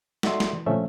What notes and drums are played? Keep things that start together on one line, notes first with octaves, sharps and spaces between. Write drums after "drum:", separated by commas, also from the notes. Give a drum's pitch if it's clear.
D#4 F#4 A4 D5 E5 C6, drum: snare
drum: snare
E3
A#2 D3 F3 A3 C#4 E5